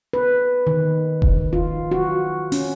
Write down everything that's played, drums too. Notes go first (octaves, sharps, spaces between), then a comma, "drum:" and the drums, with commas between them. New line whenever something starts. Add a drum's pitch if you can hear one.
B4
D#3
drum: kick E1
F4
F#4
C#4, drum: open hi-hat